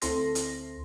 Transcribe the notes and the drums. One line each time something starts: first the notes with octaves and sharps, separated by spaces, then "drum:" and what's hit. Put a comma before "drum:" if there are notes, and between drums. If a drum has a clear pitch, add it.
D2 C4 E4 A4 C6 A#6, drum: hi-hat
drum: hi-hat